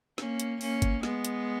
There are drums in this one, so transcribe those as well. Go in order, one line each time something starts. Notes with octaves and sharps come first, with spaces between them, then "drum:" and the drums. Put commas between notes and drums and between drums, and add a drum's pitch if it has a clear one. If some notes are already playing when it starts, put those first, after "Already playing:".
A#3 C#4, drum: snare
drum: hi-hat
A#3 C#4, drum: open hi-hat
drum: kick, hi-hat
G#3 B3, drum: snare
drum: hi-hat